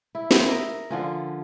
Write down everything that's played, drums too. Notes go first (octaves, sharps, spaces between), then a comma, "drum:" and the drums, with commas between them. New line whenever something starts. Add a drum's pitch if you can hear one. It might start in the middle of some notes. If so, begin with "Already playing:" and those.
E4
drum: snare
A#4 D#5 E5
D3 F3 C#4